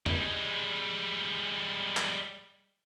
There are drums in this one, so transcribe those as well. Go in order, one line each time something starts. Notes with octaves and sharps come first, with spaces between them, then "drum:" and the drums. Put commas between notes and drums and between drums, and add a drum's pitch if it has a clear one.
G3 G#3, drum: tom
drum: clap